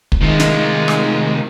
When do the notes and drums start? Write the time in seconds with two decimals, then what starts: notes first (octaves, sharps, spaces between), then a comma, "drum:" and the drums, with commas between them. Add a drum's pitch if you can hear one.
0.12 drum: kick
0.21 C3 D#3 G#3 F4
0.40 drum: snare
0.88 drum: rim click